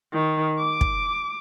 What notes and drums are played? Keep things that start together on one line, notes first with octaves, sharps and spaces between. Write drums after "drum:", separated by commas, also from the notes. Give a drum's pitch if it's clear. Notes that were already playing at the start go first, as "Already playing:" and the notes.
D#3
D6
drum: kick